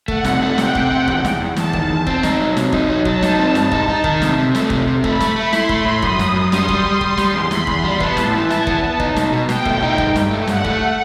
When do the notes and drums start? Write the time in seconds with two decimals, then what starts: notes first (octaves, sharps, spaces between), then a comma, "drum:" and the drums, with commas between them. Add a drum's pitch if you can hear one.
0.08 A3 F#5, drum: kick
0.24 C3, drum: snare
0.42 A3
0.58 C3 G5, drum: snare
0.75 C3, drum: kick
0.91 C3
1.08 E2, drum: kick
1.25 E2, drum: snare
1.41 E2
1.56 E2 A5, drum: snare
1.73 D#3, drum: kick
1.90 E2
2.07 C4, drum: kick
2.23 D#4, drum: snare
2.40 F#3
2.57 C3, drum: snare
2.72 D#4, drum: kick
2.89 F#3
3.05 F#3 A5, drum: kick
3.22 D#4, drum: snare
3.39 C4
3.55 G2, drum: snare
3.72 D#4, drum: kick
3.88 D#4
4.04 D#3, drum: kick
4.22 C3, drum: snare
4.38 C3
4.55 A3, drum: snare
4.70 C3, drum: kick
4.87 C3
5.04 A3 B5, drum: kick
5.20 A3, drum: snare
5.36 A3
5.53 E4 C6, drum: snare
5.69 A3, drum: kick
5.86 A2
6.02 F#2 D#6, drum: kick
6.19 F#2, drum: snare
6.35 F#2
6.52 G3 C6, drum: snare
6.69 G3, drum: kick
6.86 G3
7.01 G3 C6, drum: kick
7.17 G3, drum: snare
7.34 E2
7.51 E2 B5, drum: snare
7.67 E2, drum: kick
7.84 G3
8.00 B3 A5, drum: kick
8.17 A2, drum: snare
8.34 E3
8.50 E4, drum: snare
8.67 B3, drum: kick
8.83 B3
9.00 D#4, drum: kick
9.16 B2, drum: snare
9.32 B2
9.49 B2 G5, drum: snare
9.65 A3, drum: kick
9.83 D#4
9.98 G2, drum: kick
10.16 G2, drum: snare
10.31 A3
10.47 G2 F#5, drum: snare
10.65 A3, drum: kick